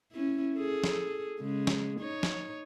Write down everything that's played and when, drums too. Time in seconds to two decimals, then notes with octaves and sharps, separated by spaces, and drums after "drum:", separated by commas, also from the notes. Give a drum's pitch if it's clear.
0.12 C#4 E4
0.56 G#4 A4
0.84 drum: snare
1.40 C#3 G#3
1.67 drum: snare
2.00 D#4 C#5
2.23 drum: snare